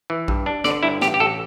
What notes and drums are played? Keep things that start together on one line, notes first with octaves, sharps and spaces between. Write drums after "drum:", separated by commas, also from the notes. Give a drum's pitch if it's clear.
E3
G2, drum: kick A#1
D4
D3 D5, drum: snare
G2 E4
A1 G4, drum: snare
G4
A1 A4